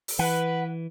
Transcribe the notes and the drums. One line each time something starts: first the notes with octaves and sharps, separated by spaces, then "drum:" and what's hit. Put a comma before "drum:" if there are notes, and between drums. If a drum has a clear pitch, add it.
drum: open hi-hat
E3 B4 F#5